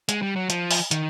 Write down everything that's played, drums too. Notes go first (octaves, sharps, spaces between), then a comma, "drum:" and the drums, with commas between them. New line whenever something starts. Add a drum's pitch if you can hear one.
G#3, drum: hi-hat
G3
F#3
F3, drum: hi-hat
drum: open hi-hat
D#3, drum: hi-hat